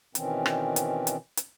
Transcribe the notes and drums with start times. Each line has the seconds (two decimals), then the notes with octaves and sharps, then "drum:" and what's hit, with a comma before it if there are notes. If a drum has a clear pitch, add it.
0.15 B2 D#3 E3 C4 C#4, drum: hi-hat
0.46 drum: rim click
0.76 drum: hi-hat
1.07 drum: hi-hat
1.37 drum: hi-hat